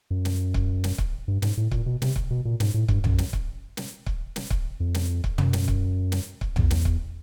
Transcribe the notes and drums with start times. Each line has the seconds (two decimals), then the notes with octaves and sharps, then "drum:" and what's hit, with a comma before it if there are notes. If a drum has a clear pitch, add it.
0.10 F#2
0.25 drum: snare
0.54 drum: kick C#1
0.84 drum: snare
0.98 drum: kick C#1
1.28 G2
1.42 G#2, drum: snare
1.57 A2
1.71 A#2, drum: kick C#1
1.86 B2
2.02 C3, drum: snare
2.16 drum: kick C#1
2.30 B2
2.45 A#2
2.60 G#2, drum: snare
2.74 A2
2.88 G2, drum: kick C#1
3.04 F#2, drum: tom A#1
3.18 drum: snare
3.33 drum: kick C#1
3.77 drum: snare
4.06 drum: kick C#1
4.36 drum: snare
4.50 drum: kick C#1
4.80 F2
4.94 drum: snare
5.24 drum: kick C#1
5.38 F#2, drum: tom
5.53 drum: snare
5.68 drum: kick C#1
6.12 drum: snare
6.41 drum: kick C#1
6.56 E2, drum: tom A#1
6.71 drum: snare
6.85 drum: kick C#1